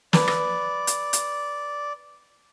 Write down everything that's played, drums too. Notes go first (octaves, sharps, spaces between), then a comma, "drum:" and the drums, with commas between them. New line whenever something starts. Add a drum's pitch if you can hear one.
B4 D5 A5, drum: snare
drum: rim click
drum: hi-hat
drum: hi-hat